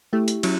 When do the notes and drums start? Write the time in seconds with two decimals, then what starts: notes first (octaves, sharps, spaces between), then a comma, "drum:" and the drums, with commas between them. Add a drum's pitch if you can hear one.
0.13 A3 E4 G4
0.28 drum: hi-hat
0.43 F#3 C#4 E4, drum: cymbal